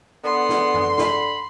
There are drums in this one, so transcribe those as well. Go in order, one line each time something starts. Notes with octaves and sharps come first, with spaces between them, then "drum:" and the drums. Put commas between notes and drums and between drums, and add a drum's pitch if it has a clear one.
D3 B3 C6
drum: snare
drum: tom F#2
B5, drum: snare